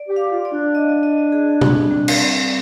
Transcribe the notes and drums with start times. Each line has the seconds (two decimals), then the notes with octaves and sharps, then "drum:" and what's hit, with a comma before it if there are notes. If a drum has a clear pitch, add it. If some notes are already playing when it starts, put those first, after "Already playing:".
Already playing: D5
0.09 G4
0.16 F5
0.31 F4
0.45 D5
0.52 D4
0.75 D#5
1.03 D#5
1.32 G#4
1.61 C4, drum: tom
1.91 G3
2.08 drum: cymbal
2.20 C4